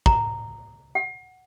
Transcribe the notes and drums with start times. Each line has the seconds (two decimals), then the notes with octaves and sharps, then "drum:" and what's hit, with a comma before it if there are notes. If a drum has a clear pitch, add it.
0.06 A#5, drum: kick
0.95 F#5